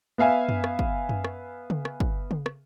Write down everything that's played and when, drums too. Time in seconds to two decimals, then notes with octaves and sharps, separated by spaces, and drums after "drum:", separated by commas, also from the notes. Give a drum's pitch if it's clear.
0.18 B3 E5 F5 G#5
0.49 drum: tom F#2
0.64 drum: rim click
0.79 drum: kick
1.09 drum: tom F#2
1.24 drum: rim click
1.70 drum: tom C#3
1.85 drum: rim click
2.00 drum: kick
2.31 drum: tom C#3
2.46 drum: rim click